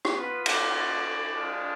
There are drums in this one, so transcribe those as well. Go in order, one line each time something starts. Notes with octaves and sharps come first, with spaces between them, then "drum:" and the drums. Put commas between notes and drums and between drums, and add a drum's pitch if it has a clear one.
drum: rim click
B3 F4 B4
D5, drum: cymbal
D5
G#3 D4 F4